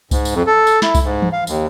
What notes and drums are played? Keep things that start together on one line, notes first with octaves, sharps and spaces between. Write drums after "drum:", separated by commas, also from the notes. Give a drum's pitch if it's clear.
G#2, drum: kick C2, tambourine
drum: tambourine
F2
A4
drum: tambourine
E4, drum: snare
drum: kick C2, tambourine
G#2
drum: tom E3
F5
D#2, drum: tambourine